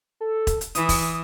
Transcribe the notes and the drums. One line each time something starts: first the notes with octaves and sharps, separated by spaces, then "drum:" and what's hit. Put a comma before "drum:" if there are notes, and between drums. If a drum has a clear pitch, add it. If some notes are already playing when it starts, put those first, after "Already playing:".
A4
drum: kick E1, hi-hat
drum: hi-hat
E3 D#6, drum: hi-hat
drum: kick E1, open hi-hat